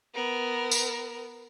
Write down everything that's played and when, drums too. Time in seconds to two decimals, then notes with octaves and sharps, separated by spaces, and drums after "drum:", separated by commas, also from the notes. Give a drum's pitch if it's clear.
0.14 B3 A#4
0.71 drum: tambourine